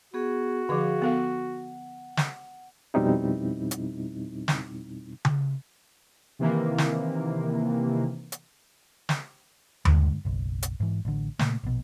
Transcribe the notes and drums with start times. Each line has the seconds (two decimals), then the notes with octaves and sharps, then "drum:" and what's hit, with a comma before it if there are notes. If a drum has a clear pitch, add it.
0.14 B3 F#4 G#4
0.69 D3 F3 G#4 F5
1.02 B3 A4 F5 F#5
2.17 drum: snare
2.94 F2 B2 G3 C4 D#4 E4
3.71 drum: hi-hat
4.48 drum: snare
5.25 drum: tom C#3
6.39 C3 D#3 E3 A#3
6.78 drum: snare
8.32 drum: hi-hat
9.09 drum: snare
9.85 G2 D3 G#3, drum: tom D#2
10.25 F#1 B1
10.63 drum: hi-hat
10.80 G#2 E3
11.05 A1 D3
11.39 A#2 C#3 A3 A#3, drum: snare
11.64 A#1 B2